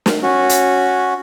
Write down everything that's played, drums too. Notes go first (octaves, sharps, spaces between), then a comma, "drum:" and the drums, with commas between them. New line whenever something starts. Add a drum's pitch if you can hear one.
drum: snare
C#4 F#4
drum: hi-hat